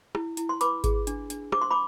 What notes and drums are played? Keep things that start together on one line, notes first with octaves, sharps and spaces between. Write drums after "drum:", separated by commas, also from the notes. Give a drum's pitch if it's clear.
E4, drum: rim click
E4, drum: hi-hat
C6
B4 B5 D6, drum: hi-hat
G#4, drum: kick G#1, hi-hat
D4, drum: hi-hat
D4, drum: hi-hat
C5 D6, drum: rim click
C6
B5 D6